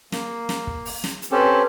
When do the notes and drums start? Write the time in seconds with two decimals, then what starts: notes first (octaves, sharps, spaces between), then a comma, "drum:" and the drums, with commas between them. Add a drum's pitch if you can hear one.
0.12 A#3, drum: snare
0.49 drum: snare
0.67 drum: kick
0.85 drum: open hi-hat
1.04 drum: snare
1.22 drum: hi-hat
1.32 C4 C#4 G4 A4 B4